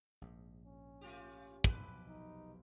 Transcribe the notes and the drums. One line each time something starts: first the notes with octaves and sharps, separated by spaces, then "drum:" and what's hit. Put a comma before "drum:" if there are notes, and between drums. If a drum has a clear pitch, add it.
A#1 G#2
C#4
A3 F4 G4
F1 B1 G4 B4, drum: kick
D#4